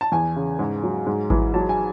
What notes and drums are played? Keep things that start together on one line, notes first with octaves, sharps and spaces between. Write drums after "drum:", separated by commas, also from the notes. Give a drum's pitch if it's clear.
A5
E2 G#5
C#3
G#2
F#3
G#2
E3, drum: kick G#1
F#3 A5
G#5